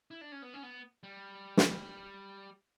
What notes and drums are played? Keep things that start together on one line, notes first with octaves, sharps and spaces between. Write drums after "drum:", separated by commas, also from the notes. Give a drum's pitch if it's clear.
E4
D4
C#4
B3
C#4
B3
G3
drum: snare